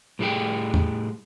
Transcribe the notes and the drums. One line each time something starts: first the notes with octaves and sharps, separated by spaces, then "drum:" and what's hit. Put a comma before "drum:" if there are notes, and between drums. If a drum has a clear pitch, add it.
A2 G3 C4 G#4 G5
drum: tom